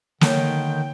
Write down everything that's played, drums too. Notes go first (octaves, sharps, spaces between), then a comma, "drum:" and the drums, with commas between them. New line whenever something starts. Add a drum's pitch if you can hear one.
D3 D#3 A#3 C#5 G5, drum: snare